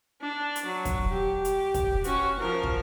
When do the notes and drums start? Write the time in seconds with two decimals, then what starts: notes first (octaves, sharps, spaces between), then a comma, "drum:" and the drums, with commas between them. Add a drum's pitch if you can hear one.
0.21 D4
0.56 drum: hi-hat
0.65 F#3
0.85 drum: kick, hi-hat
1.10 G4
1.45 drum: hi-hat
1.74 drum: kick, hi-hat
2.04 C#4 F#4, drum: hi-hat
2.40 F3 A#4
2.63 drum: kick